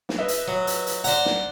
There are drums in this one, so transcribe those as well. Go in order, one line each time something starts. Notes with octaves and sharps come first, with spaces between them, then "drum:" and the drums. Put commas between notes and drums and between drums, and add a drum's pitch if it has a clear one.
drum: snare
B4 D#5 E5
drum: hi-hat
F#3
drum: hi-hat
drum: hi-hat
C5 D5 F#5 A#5, drum: hi-hat
drum: snare